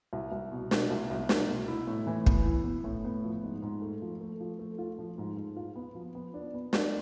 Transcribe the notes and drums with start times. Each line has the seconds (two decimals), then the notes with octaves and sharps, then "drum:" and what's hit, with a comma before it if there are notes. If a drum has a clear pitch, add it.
0.13 C2
0.32 C2
0.52 B2
0.71 B2, drum: snare
0.90 C2
1.10 C2
1.29 C2, drum: snare
1.49 B2
1.68 E4
1.87 A2
2.07 E3
2.26 B3, drum: kick
2.45 E4
2.65 B3
2.84 A2
3.05 B3
3.24 F3
3.44 G#2
3.62 G#2
3.82 A3
4.02 F3
4.21 A3
4.40 F3
4.59 A3
4.78 F4
4.99 F3
5.18 G#2
5.37 G#2
5.57 F4
5.76 B3
5.95 F3
6.15 B3
6.34 D4
6.54 B3
6.73 D4, drum: snare